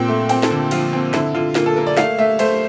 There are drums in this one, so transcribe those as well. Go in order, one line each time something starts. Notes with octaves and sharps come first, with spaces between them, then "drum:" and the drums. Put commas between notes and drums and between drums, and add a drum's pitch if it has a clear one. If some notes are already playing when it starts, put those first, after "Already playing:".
Already playing: A#2 C4 G5
A3
C4 G5, drum: cymbal
A4, drum: snare
D3
F3 F4, drum: cymbal
C4
D3 E4, drum: snare
D3 F4
A#3 F4, drum: snare
A4
A#3 A#4
D5
A3 F5, drum: snare
A3 E5
A3 C5, drum: cymbal